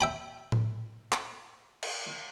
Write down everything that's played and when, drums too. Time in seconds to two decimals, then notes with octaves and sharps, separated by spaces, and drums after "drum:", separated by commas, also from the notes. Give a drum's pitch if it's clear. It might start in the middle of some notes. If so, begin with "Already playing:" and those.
0.01 E5 G5 B5
0.52 drum: tom A2
1.12 drum: clap
1.83 drum: cymbal